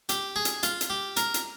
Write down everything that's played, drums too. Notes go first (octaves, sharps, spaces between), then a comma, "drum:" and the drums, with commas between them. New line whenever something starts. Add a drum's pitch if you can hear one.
G4, drum: hi-hat
G#4
drum: hi-hat
F4, drum: hi-hat
drum: hi-hat
G4
A#4, drum: hi-hat
drum: hi-hat